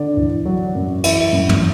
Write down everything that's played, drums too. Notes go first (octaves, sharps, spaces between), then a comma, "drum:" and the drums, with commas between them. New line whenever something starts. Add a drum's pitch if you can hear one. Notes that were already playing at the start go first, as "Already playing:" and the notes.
Already playing: D3 D5
E2
F#3
F#2
E3 E5, drum: cymbal
F#2
drum: tom